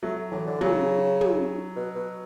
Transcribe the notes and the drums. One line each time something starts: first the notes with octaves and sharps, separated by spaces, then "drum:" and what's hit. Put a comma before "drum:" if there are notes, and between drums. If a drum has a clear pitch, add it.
F#3 A3
A2 E3
D3
C#3 F#3, drum: tom
drum: tom
B2
B2